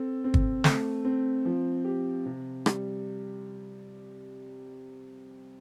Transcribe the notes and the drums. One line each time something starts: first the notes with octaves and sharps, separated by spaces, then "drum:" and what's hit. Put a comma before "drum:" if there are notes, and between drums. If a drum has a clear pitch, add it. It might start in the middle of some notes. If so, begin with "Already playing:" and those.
Already playing: C4 A4
C4
drum: kick
A3, drum: snare
C4
F3
G4
C3
G3, drum: rim click